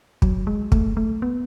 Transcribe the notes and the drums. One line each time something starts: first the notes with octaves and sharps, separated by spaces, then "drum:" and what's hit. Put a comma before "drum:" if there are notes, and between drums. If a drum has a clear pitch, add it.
F#3, drum: kick
G#3
A3, drum: kick
A3
B3